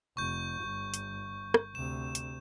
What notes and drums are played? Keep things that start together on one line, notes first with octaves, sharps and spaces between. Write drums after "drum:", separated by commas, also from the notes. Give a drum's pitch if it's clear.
F1 C#6 G6
G1
drum: hi-hat
drum: rim click
D2 C3 E7
drum: hi-hat